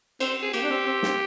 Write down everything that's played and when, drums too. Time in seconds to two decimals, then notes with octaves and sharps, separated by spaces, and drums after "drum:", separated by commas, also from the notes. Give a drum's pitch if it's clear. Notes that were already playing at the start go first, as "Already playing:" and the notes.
0.20 C4 C5, drum: cymbal
0.42 G#4
0.53 A#3 G4, drum: cymbal
0.63 D4
0.70 C4
0.86 C4
1.03 drum: snare